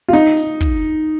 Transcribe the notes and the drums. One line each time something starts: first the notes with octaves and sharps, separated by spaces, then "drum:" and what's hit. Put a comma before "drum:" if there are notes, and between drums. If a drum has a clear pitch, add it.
F4
D#4
drum: snare
drum: kick